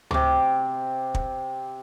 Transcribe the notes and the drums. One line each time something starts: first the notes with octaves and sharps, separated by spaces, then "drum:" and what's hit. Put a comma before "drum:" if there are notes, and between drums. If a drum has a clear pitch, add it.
C3 D6, drum: tom C#2
drum: kick